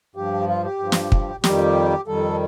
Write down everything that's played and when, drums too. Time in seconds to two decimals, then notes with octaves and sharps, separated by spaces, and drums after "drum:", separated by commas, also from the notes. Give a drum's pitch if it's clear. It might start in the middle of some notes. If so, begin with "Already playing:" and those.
0.15 G2 F3 G4
0.47 F4
0.64 G4
0.79 G2 F3
0.92 drum: snare
1.12 drum: kick
1.44 F2 D#3 G3 G4, drum: snare
2.07 F2 D#3 G3 A4